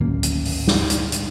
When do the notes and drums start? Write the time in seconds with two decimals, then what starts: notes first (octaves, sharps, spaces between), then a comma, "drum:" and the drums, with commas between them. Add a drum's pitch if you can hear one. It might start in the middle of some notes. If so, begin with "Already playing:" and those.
0.01 D1 G#1 F#2 A#3
0.23 drum: hi-hat
0.45 drum: open hi-hat
0.68 drum: snare
0.90 drum: hi-hat
1.12 drum: hi-hat